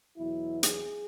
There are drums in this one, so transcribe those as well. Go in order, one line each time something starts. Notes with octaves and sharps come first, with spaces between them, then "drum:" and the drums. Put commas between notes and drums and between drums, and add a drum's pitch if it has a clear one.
E2 B2 F#3 E4
G#4, drum: hi-hat